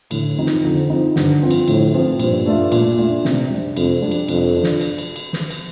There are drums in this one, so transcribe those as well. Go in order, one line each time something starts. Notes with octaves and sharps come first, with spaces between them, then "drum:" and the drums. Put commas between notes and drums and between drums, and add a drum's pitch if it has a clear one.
A2 D3, drum: cymbal
F3 C4 D#4
drum: snare
F2 D3
F3 C4 D#4
G2 D3, drum: snare
F3 C4 F4
drum: cymbal
A2 D3, drum: cymbal
F3 C4 F4
G2 A#2, drum: cymbal
A3 D4 F4
A#2, drum: cymbal
A3 D4 F4
C3, drum: snare
G3 D4
F2 C3, drum: cymbal
G3 D4
drum: cymbal
F2 C3, drum: cymbal
D4 F4
drum: snare
drum: cymbal
drum: cymbal
drum: cymbal
drum: snare
drum: cymbal